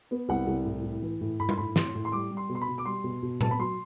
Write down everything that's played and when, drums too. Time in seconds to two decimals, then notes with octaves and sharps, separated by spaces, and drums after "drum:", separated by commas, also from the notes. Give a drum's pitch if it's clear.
0.11 B3
0.29 C2 F#5
0.47 C2
0.65 A2
0.84 A2
1.02 E3
1.21 A2
1.40 A2 B5
1.49 C6, drum: tom G3
1.58 A2 B5
1.76 A2 C6, drum: snare
1.95 A2
2.05 C6
2.12 G3 D6
2.31 G3
2.37 C6
2.49 B2
2.55 C6
2.61 B5
2.68 B2
2.78 D6
2.85 G3 C6
3.04 B2
3.22 B2
3.41 B3 A5, drum: tom A#2
3.51 B5
3.59 F#3 C6